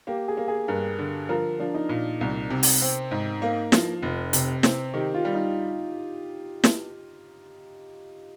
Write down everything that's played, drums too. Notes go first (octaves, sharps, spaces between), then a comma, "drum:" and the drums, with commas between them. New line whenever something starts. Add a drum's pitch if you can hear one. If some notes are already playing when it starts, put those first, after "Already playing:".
A#3 G4
G#4
A#3
G#4
G2 A#4
D3
F3 A#4
F3 D4
D#4
A#2
C2
C3
drum: open hi-hat
C4
G#2 D#4
A#3
F3, drum: snare
F1
C3, drum: hi-hat
C4, drum: snare
D#3 G4
F4
G3
D#4
drum: snare